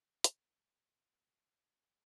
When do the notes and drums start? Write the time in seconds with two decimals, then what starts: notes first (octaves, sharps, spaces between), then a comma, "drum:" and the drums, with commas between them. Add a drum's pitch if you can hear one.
0.24 B2, drum: hi-hat